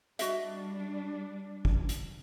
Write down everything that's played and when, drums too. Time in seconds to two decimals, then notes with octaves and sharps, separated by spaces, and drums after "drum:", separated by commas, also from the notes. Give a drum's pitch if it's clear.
0.19 G3 D4 F#4 D#5 E5, drum: hi-hat
1.65 drum: kick
1.89 drum: hi-hat